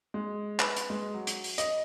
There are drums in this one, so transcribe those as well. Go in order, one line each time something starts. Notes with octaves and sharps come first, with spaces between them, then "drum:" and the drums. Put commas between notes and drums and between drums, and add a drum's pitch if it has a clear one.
G#3
B4, drum: clap
drum: hi-hat
G#3
F#3
drum: hi-hat
drum: open hi-hat
D#5, drum: hi-hat